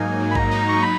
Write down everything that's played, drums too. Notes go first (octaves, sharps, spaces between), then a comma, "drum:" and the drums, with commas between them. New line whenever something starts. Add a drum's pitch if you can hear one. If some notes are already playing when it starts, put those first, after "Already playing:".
Already playing: G#2 F#3 A#3 D#4 G#5
F#3
B5
A#5, drum: kick A1
D#4
C#6
F#3 B5